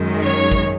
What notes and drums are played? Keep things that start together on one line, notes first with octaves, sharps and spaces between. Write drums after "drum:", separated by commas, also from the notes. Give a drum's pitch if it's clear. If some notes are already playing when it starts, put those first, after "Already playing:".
Already playing: F#2 D#3 G#3
C#5
drum: kick